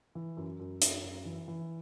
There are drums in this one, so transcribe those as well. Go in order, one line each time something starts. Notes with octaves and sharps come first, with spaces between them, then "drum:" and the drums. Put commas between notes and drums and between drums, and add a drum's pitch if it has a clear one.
E3
F#2
F#2
F#2, drum: hi-hat
F#2
E3
E3